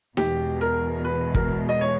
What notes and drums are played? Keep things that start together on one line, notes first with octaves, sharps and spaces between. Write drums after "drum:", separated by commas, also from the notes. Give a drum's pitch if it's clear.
E2 B2 G#3 G4, drum: snare D#4
A#4
B4
A#4, drum: kick
D#5
C#5